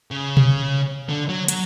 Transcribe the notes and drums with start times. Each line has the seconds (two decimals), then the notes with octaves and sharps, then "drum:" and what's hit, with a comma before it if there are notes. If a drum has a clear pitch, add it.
0.11 C#3
0.37 drum: tom B2
1.09 D3
1.29 F#3
1.48 F#3, drum: hi-hat